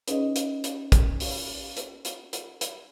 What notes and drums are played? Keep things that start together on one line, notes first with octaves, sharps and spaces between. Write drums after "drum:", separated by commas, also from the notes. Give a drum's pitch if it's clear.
C#4 D#4 G#4 B4 C#5 D#5, drum: hi-hat
drum: hi-hat
drum: hi-hat
drum: kick, hi-hat
drum: open hi-hat
drum: hi-hat
drum: hi-hat
drum: hi-hat
drum: hi-hat